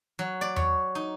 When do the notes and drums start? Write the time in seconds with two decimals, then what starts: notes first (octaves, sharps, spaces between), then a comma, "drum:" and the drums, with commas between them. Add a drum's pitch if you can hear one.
0.19 F#3
0.41 D5
0.56 C#5, drum: tom E2
0.95 D#4